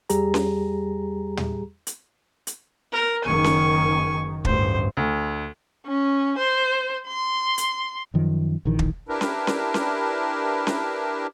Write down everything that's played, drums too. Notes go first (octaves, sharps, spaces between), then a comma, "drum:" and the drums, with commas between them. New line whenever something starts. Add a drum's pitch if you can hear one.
E2 G3 G4 G#4 A#5, drum: hi-hat
drum: snare C#4
drum: tom
drum: hi-hat
drum: hi-hat
A#4
F#1 D#3 G#5 C#6
drum: snare C#4
A1 D2 G2 C5, drum: kick
D2
C#4
C5
C6
drum: hi-hat
F#2 D#3 F3
A#1 D#3 E3
drum: kick
D4 E4 G4 A#4 B4
drum: snare C#4
drum: snare C#4
drum: snare C#4
drum: snare C#4